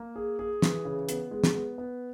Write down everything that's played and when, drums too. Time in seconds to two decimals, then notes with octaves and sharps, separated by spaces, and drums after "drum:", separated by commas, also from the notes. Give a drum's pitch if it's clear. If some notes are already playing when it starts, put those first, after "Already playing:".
Already playing: A#3
0.16 G#4
0.39 G#4
0.62 E3, drum: snare
0.85 C#3
1.09 B3, drum: hi-hat
1.31 G#3
1.44 drum: snare
1.55 B3
1.78 B3